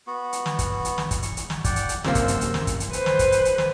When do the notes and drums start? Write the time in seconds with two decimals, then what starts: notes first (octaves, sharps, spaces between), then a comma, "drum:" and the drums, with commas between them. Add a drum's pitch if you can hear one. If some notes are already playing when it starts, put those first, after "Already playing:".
0.07 B3 F#4
0.33 drum: hi-hat
0.46 drum: snare
0.59 drum: kick, hi-hat
0.85 drum: hi-hat
0.98 drum: snare
1.11 drum: kick, hi-hat
1.23 C#6, drum: hi-hat
1.37 drum: hi-hat
1.50 drum: snare
1.64 D5 F#5 G5, drum: kick, hi-hat
1.76 drum: hi-hat
1.89 drum: hi-hat
2.04 F#2 C3 A#3 C5 E6, drum: snare
2.15 drum: kick, hi-hat
2.28 drum: hi-hat
2.41 drum: hi-hat
2.54 drum: snare
2.67 drum: kick, hi-hat
2.80 drum: hi-hat
2.93 B4 C5, drum: hi-hat
3.06 drum: snare
3.19 drum: kick, hi-hat
3.32 drum: hi-hat
3.45 drum: hi-hat
3.58 drum: snare